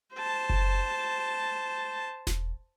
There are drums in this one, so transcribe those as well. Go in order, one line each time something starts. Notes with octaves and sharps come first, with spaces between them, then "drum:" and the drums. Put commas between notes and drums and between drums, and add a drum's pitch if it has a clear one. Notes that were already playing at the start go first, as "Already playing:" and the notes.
C5 A5
drum: kick F#1
drum: snare E1